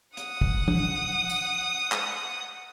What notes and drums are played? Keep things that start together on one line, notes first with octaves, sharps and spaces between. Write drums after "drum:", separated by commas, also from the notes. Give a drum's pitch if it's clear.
F#5 D#6, drum: hi-hat
drum: kick
drum: tom
drum: tambourine
drum: clap